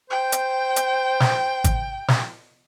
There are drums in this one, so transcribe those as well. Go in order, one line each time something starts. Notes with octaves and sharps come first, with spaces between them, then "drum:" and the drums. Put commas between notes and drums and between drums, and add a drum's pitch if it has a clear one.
C5 G5
drum: hi-hat
drum: hi-hat
drum: snare
drum: kick G#1, hi-hat
drum: snare